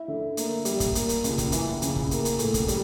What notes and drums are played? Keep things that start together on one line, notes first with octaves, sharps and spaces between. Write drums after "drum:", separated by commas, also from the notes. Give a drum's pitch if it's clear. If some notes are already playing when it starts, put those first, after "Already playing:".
Already playing: E4
D3
A#3, drum: hi-hat
G3, drum: hi-hat
drum: kick, hi-hat
A#3, drum: hi-hat
drum: hi-hat
C#2, drum: hi-hat
drum: kick, hi-hat
E3, drum: hi-hat
C#3, drum: hi-hat
drum: kick
A#3, drum: hi-hat
drum: hi-hat
A2, drum: hi-hat
drum: kick, hi-hat
G3, drum: hi-hat